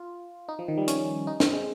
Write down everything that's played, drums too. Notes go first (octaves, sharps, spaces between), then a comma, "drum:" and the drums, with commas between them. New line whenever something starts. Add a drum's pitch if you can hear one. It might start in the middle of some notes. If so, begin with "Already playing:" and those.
Already playing: F4
D#4
F3
D#3
G3
C#4, drum: hi-hat
D#4
C4, drum: snare
G#3